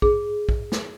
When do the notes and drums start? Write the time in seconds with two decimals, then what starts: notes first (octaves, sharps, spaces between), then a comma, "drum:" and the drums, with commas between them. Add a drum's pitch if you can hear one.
0.02 G#4, drum: kick A#1
0.49 drum: kick A#1
0.72 drum: snare